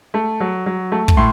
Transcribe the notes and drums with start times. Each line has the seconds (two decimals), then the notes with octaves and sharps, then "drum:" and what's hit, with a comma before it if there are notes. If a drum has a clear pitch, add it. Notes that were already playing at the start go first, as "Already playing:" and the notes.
0.14 A3
0.40 F#3
0.66 F#3
0.92 A3
1.08 drum: kick
1.17 A2 C6